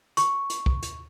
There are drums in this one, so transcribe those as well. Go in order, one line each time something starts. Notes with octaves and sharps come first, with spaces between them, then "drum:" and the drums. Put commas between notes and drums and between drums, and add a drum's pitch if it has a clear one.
C#6, drum: hi-hat
drum: hi-hat
drum: kick
drum: hi-hat